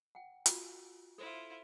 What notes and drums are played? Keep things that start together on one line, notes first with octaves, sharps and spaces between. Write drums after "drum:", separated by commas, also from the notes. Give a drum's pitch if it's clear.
F#5 G5
F4 F#4, drum: hi-hat
E4 F4 A4 C5